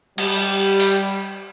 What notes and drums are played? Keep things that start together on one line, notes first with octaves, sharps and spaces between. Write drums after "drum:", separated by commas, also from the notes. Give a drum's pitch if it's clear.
G3, drum: cymbal
drum: open hi-hat